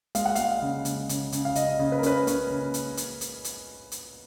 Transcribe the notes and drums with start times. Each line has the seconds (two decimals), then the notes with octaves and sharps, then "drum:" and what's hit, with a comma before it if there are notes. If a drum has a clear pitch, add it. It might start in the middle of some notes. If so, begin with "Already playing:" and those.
0.15 G#3 F5, drum: hi-hat
0.25 F#5
0.35 G#3 F5, drum: hi-hat
0.62 C#3
0.85 C#3, drum: hi-hat
1.09 C#3, drum: hi-hat
1.32 C#3, drum: hi-hat
1.45 F5
1.55 C#3 D#5, drum: hi-hat
1.79 C#3
1.92 B4
1.99 A#4
2.03 C#4 B4, drum: hi-hat
2.27 C#4, drum: hi-hat
2.50 C#3
2.74 drum: hi-hat
2.97 drum: hi-hat
3.21 drum: hi-hat
3.44 drum: hi-hat
3.92 drum: hi-hat